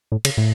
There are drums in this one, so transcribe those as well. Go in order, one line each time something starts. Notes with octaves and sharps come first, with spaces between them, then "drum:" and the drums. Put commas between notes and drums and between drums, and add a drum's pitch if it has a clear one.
A2
C#3, drum: cymbal
A2